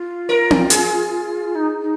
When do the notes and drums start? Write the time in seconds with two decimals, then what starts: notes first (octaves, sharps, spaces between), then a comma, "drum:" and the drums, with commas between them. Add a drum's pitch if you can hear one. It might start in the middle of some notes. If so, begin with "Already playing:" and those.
Already playing: F4
0.29 A#4
0.51 drum: tom C4
0.70 G#4, drum: hi-hat
1.54 D#4
1.80 D#4